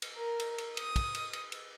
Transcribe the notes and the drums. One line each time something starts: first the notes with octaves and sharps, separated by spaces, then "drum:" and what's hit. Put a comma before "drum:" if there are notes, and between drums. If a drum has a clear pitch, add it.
drum: cymbal
A#4
drum: cymbal
drum: cymbal
D#6, drum: cymbal
drum: kick, cymbal
drum: cymbal
drum: cymbal
drum: cymbal